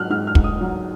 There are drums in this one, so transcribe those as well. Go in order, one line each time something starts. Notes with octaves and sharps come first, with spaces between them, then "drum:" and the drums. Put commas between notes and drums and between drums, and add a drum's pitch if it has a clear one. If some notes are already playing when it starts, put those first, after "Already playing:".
Already playing: G#2 F#3 F6 F#6
G#2 F6
F6
G#2, drum: kick
D#6
F#3